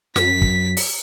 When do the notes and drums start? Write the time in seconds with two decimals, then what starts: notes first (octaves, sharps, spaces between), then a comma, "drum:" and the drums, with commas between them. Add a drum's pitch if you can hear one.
0.16 F#2 B6, drum: snare
0.42 drum: kick
0.77 drum: open hi-hat